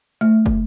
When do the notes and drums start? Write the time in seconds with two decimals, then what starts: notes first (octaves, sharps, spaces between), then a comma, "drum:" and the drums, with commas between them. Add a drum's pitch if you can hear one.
0.21 A3
0.46 drum: kick